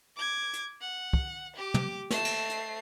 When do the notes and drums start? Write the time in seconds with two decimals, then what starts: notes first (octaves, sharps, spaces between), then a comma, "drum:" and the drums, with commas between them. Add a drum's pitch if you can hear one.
0.16 D6 G#6
0.53 drum: hi-hat
0.81 F#5
1.13 drum: kick
1.56 G4 D6
1.74 drum: tom
2.10 A3 C7, drum: snare
2.25 drum: cymbal
2.49 drum: hi-hat